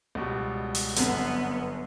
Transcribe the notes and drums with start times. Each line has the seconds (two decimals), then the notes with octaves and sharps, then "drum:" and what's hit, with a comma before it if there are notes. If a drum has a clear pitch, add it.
0.15 C#2 B2 G3
0.75 drum: open hi-hat
0.96 G1 F#2 D3 B3, drum: hi-hat